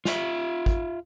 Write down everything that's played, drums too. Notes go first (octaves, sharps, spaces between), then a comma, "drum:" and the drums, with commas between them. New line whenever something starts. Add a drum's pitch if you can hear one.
F4 E5, drum: snare
drum: kick